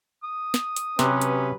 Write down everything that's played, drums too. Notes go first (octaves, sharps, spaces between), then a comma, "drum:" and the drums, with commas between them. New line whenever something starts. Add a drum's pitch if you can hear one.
D#6
drum: snare
drum: hi-hat
C3 F#3 C#4 G4 B4, drum: snare
drum: hi-hat